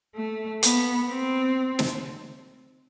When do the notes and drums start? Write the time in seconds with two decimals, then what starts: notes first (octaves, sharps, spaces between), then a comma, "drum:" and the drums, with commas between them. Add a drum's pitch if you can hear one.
0.15 A3
0.63 B3, drum: hi-hat
1.10 C4
1.79 drum: snare